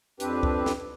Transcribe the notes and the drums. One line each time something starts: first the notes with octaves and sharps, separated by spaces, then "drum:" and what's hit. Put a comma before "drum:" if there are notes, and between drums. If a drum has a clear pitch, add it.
F2 C4 D4 G4 B4, drum: hi-hat
drum: kick C#2
drum: snare